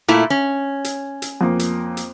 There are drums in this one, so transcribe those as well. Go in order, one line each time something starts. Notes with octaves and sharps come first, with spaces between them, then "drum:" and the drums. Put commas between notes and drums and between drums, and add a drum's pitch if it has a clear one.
A#2 A3 E4
C#4
drum: hi-hat
drum: hi-hat
F2 A#3
drum: hi-hat
drum: hi-hat